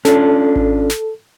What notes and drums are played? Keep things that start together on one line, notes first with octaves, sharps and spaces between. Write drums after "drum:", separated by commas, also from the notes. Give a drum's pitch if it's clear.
C#4 D4 F4 A4, drum: snare
drum: kick G#1
drum: snare